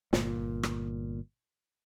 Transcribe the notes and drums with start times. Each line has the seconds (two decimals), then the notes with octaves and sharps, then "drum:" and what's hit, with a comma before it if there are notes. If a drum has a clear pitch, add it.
0.13 G1 A#2, drum: snare
0.63 drum: rim click